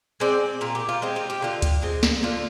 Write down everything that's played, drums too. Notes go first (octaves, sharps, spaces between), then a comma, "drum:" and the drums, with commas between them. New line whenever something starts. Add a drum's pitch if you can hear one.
G#3 C4 D5
A#2 F4
G4
F4
G#3 C4 G4
F4
G4
D3 F4
drum: kick D2, hi-hat
G#3 C4
drum: snare
D3 F4